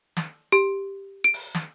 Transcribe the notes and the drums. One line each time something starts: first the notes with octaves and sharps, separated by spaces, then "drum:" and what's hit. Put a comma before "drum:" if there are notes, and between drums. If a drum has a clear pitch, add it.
drum: snare
G4
D7
drum: open hi-hat
drum: snare